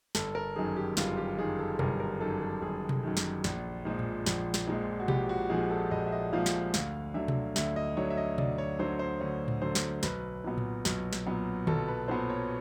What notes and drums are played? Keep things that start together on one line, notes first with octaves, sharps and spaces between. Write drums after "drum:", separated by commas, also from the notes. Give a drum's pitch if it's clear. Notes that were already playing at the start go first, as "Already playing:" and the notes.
G1 A4, drum: snare
A#4
F#2 D#3 G#4
G4
G1 F4, drum: snare
G4
F#2 D#3 G#4
A4
G1 A#4, drum: tom B2
A#4
F#2 D#3 A4
A4
G1 G#4
drum: tom B2
F#2 D#3
drum: snare
A#1, drum: snare
A#2 F3 G#3
drum: tom A2
A#1, drum: snare
drum: snare
A#2 F3 G#3
F#4
A#1 G4, drum: tom B2
F#4
A#2 F3 G#3 G#4
A4
A#1 D#5
E5
D#5
A#2 F3 G#3 F5
drum: snare
D2 F5, drum: snare
D3 F#3 E5
drum: tom B2
D2 E5, drum: snare
D#5
D3 F#3 C#5
E5
D#5
D2 D5, drum: tom B2
C#5
D3 F#3 C5
C5
D2 C#5
drum: tom A2
D3 F#3 C5
drum: snare
B1 B4, drum: snare
A#2 F#3 B3
drum: tom A2
B1, drum: snare
drum: snare
A#2 F#3 B3
B1 A4, drum: tom D3
B4
A#2 F#3 B3 C5
C#5